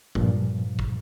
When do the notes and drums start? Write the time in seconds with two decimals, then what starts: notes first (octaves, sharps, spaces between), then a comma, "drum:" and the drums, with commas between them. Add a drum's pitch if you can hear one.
0.15 G2 A#2 F3, drum: kick
0.79 drum: kick